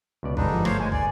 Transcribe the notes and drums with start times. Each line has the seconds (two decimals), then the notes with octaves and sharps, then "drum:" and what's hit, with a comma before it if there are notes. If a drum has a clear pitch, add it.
0.23 C#2 B2 D5
0.37 G1 G#2 D3 D4 D#4 B4, drum: kick
0.52 F3
0.65 A3 C5 C#5 F5, drum: rim click
0.80 G#3 G#5
0.92 D5, drum: kick